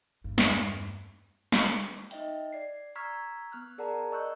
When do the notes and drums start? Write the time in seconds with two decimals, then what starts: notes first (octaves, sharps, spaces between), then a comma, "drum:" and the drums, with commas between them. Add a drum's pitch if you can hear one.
0.24 E2 G2
0.38 drum: snare
1.52 drum: snare
2.11 D#4 D#5 E5 G5, drum: hi-hat
2.53 D5 C7
2.95 A#5 C#6 E6 F6 G#6 B6
3.52 B3 F6 F#6
3.78 G#4 A#4 D5 F#5 A5 A#5
4.11 D5 D#5 C#6 E6 F#6 G6